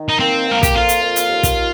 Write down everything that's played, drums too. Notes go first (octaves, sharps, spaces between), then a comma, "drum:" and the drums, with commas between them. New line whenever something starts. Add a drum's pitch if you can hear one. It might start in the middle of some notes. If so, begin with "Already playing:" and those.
Already playing: D#3
D#4
A#3 C4
A#3 A#4
G4, drum: kick, hi-hat
F2 F4
drum: hi-hat
A#3
drum: hi-hat
D#2
drum: kick, hi-hat
D#3